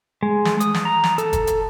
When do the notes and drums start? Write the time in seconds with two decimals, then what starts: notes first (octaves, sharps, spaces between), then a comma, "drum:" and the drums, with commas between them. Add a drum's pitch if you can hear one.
0.23 G#3
0.45 drum: snare
0.60 D#6, drum: hi-hat
0.74 drum: snare
0.85 A#5
1.04 drum: snare
1.18 A4, drum: hi-hat
1.33 drum: kick, hi-hat
1.47 drum: hi-hat